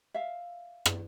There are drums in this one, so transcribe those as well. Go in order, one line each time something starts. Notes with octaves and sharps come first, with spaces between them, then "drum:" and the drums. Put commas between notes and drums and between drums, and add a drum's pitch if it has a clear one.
E5 F5
drum: rim click